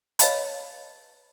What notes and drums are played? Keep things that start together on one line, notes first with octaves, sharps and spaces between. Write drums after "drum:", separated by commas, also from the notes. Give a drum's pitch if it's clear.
B4 C#5 D#5 F5 A5 B5, drum: hi-hat